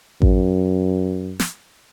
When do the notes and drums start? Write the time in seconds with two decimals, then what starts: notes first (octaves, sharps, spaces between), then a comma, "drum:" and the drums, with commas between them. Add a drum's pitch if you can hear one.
0.22 F#2, drum: kick A1
1.40 drum: snare